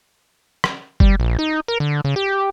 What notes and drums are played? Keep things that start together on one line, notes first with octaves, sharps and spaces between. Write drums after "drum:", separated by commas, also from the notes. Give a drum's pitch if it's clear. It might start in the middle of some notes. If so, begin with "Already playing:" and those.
drum: rim click
G3, drum: kick F#1
A#1
D#4
A#4
D3
C#3
G4